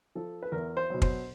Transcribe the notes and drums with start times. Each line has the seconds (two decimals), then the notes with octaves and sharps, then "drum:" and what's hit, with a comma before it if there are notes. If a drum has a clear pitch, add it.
0.15 F3 A4
0.43 B4
0.52 E2 A#4
0.77 C5
0.90 B2 F#3
1.02 C5, drum: kick